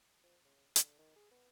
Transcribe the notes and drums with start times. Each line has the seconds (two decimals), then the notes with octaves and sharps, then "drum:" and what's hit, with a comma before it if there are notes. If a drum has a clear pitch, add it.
0.23 F3
0.45 C#3
0.76 D3, drum: hi-hat
0.98 D#3
1.16 G#4
1.31 B3